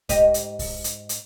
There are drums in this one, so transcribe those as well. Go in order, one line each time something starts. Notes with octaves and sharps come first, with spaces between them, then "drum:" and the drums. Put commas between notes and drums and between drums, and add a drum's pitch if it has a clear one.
G#2 G4 D#5, drum: kick, hi-hat
drum: hi-hat
drum: kick, open hi-hat
drum: hi-hat
drum: hi-hat